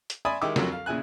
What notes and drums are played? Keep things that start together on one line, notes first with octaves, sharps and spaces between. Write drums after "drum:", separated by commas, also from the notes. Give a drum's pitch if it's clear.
drum: hi-hat
D5 E5 G#5 B5 C6 D#6
D#3 G#3 E4 G4 D6 E6
C2 F2 D3 F#3 F4 A#4, drum: snare
F5
A#2 C#3 E4 G#5 F#6